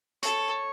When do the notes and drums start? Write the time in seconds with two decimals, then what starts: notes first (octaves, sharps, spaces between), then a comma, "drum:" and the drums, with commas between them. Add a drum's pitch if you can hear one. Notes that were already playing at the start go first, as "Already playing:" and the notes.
0.23 A4 C#5, drum: hi-hat